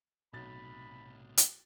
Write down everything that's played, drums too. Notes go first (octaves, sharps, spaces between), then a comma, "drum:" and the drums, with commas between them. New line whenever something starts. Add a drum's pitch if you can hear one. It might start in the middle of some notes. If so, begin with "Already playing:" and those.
B1 A2 C3 B5 A6
drum: hi-hat